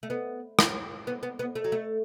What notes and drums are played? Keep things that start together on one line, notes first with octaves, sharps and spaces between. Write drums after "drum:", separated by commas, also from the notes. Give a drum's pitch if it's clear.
A3
B3
drum: rim click
B3
B3
B3
A3
F#3
A3